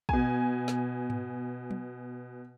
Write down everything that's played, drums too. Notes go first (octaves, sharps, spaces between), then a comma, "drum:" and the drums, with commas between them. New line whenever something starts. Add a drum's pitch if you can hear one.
B2 G#5, drum: kick
drum: snare
drum: tom G#2
drum: tom